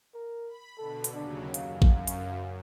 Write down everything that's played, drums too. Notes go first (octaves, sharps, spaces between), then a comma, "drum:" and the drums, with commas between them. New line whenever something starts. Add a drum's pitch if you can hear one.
A#4
B5
B2 D3 A4
drum: hi-hat
D#2 C#3 F#3 D4
F#2 F5, drum: hi-hat
drum: kick A1
drum: hi-hat